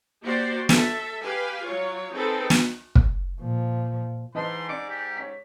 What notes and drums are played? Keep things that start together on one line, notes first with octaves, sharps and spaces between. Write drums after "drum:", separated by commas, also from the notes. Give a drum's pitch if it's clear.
A#3 F#4 G4 C5 D5
A4 E5, drum: snare
G4 B4 F5 G#5
F#3 F4 C#5
C4 D#4 G#4 A4 B4
drum: snare
drum: kick
A#2 F3
G#2 E3 D#5 A5 C6
D5 D6 C#7 D7
G4
C#5 B6